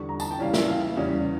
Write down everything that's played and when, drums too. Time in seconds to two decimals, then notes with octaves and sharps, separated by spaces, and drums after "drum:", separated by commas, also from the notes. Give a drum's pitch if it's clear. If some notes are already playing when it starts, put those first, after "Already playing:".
Already playing: E2 D3 G3 C#6
0.09 A#5
0.20 A5, drum: tambourine
0.31 G5
0.39 C#3 E3 G3 C#4 F5
0.53 E5, drum: snare
0.68 F5
0.97 E2 C#3 G3 C#4